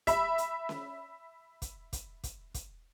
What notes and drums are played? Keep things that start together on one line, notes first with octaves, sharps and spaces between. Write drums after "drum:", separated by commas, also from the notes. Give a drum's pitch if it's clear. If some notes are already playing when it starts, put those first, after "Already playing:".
E5 B5, drum: kick, hi-hat
drum: hi-hat
drum: snare C#4
drum: kick, hi-hat
drum: kick, hi-hat
drum: kick, hi-hat
drum: kick, hi-hat